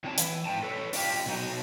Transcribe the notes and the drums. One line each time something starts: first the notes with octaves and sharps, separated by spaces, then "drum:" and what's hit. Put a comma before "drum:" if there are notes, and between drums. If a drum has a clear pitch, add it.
D#3 F#3 C4 D5 G#5 A5
E3, drum: hi-hat
G#2 D5 G5 A5
A4 B4 C#5
D4 F4 G4, drum: open hi-hat
B2 F#3 D#4